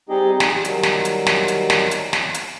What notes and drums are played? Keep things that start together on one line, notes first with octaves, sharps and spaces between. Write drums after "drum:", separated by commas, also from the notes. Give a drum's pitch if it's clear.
G3 C4 D#4 G4 G#4 D#5
G#4, drum: snare
D#3 F#3 G3, drum: hi-hat
drum: snare
drum: hi-hat
drum: snare
drum: hi-hat
drum: snare
drum: hi-hat
drum: snare
drum: hi-hat